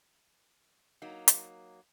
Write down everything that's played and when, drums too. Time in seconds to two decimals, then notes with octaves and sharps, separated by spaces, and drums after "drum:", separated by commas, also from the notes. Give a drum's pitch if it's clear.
1.02 F#3 A#3 D#4
1.28 drum: hi-hat